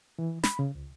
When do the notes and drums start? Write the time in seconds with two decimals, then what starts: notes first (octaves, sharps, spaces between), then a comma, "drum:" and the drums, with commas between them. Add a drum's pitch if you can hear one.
0.19 E3
0.44 B5, drum: snare
0.59 C#3
0.75 C#2